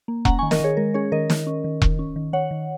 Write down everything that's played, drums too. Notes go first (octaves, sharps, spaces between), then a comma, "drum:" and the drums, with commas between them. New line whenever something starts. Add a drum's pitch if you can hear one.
A#3
C#4 F#5 A#5, drum: kick E1
D#3 G#5 C#6
A#4 D#5, drum: snare
D#3 G#4 C#5
G#3 A#4
C#4 G#4 C#5
D#3 A#4 D#5
D#3, drum: snare
C#4
D#3
D#3, drum: kick E1
C#4
D#3
D#3 C#5 F#5
D#3